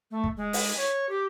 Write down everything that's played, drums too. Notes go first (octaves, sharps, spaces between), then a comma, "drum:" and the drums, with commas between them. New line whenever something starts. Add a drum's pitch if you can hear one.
A3
drum: kick
G#3
drum: open hi-hat
C#5
G4